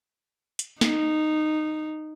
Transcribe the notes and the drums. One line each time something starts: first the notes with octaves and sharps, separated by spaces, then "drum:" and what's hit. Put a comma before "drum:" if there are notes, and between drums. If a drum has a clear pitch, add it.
drum: hi-hat
D#4, drum: snare